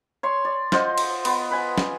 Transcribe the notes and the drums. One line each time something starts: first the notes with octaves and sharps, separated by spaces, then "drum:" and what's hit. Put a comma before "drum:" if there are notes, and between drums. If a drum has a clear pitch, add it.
C#5 C6
D5
F4 C5 D#5 F#5, drum: snare
drum: cymbal
B3, drum: cymbal
B4 G#5
drum: snare